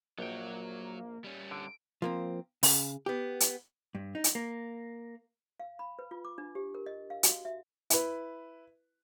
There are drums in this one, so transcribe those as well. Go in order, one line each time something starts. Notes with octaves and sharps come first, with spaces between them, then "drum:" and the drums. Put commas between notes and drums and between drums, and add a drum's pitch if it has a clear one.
A#1 F#3 A#3 F#4 G5
G3 C#4
D3 D7
F3 A#3 C4
C#3, drum: open hi-hat
B3 G4
drum: hi-hat
G2
D#4
drum: hi-hat
A#3
F5
B5
B4
F4
D6
D4
G4
A#4
D#5
F5
F#4, drum: hi-hat
E5
E4 B4, drum: hi-hat